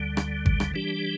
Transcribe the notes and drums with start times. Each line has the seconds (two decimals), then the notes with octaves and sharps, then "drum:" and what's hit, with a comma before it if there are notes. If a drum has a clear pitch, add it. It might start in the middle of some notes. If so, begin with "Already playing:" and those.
Already playing: D2 D3 G3
0.17 drum: rim click
0.46 drum: kick G#1
0.60 drum: rim click
0.74 E3 G3 D4 G4